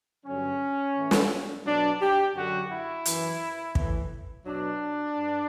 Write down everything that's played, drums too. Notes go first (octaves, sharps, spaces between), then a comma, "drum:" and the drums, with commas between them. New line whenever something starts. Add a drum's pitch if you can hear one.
G2 D3 F#3 C#4
A2 E3
drum: snare
B2 F#3 D4
G4
F#2 D3 F#3 F#4
E4
F#2 E3, drum: hi-hat
A2 E3, drum: kick
B2 F#3 D4
G2